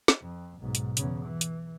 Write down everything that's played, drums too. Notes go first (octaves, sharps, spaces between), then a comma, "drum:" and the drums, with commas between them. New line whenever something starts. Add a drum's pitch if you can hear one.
drum: snare
F2
B1 G#2
drum: hi-hat
E2 C#3, drum: hi-hat
E3
drum: hi-hat